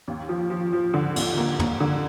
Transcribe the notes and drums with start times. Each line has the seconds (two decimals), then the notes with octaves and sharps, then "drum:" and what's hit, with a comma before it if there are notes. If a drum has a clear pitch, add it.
0.08 D#2
0.29 F3
0.50 F3
0.73 F3
0.94 D3
1.16 D#2, drum: cymbal
1.37 A#3
1.59 A#3, drum: tom
1.80 D3